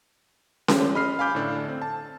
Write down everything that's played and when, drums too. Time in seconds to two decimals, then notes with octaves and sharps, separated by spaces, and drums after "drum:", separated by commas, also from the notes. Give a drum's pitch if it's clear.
0.68 G4, drum: snare C#4
0.94 D#5 B5 F6 C7
1.19 F5 G#5 B5 D6 G6
1.35 A2 D3 D4 A4
1.68 C4
1.82 A5